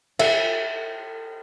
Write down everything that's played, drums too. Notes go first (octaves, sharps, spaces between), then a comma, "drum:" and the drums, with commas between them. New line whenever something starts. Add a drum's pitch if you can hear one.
E5, drum: cymbal